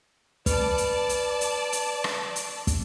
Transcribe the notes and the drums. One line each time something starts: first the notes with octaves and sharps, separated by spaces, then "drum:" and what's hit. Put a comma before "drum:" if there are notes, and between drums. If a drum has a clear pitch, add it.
B4 D5 A5, drum: kick, hi-hat
drum: hi-hat
drum: hi-hat
drum: hi-hat
drum: hi-hat
drum: rim click
drum: hi-hat
drum: kick, hi-hat